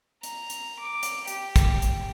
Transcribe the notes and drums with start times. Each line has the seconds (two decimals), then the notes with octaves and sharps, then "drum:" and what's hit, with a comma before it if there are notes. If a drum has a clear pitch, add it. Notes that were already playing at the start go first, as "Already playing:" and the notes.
0.23 A#5, drum: hi-hat
0.50 drum: hi-hat
0.79 D6
1.03 drum: hi-hat
1.28 G4, drum: hi-hat
1.56 drum: kick, hi-hat
1.82 drum: hi-hat